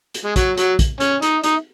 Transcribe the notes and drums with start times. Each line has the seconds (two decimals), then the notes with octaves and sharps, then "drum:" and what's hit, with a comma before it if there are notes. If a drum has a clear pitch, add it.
0.14 drum: hi-hat
0.24 G#3
0.36 F#3, drum: kick, hi-hat
0.57 F#3, drum: hi-hat
0.79 drum: kick, hi-hat
1.00 C#4, drum: hi-hat
1.22 D#4, drum: hi-hat
1.43 D#4, drum: hi-hat